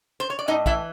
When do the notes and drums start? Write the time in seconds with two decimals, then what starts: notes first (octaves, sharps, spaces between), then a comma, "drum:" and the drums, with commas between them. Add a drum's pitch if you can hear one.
0.20 C5
0.30 C#5
0.39 D5
0.48 A2 D#4 D#5
0.66 E3 E4 E5, drum: kick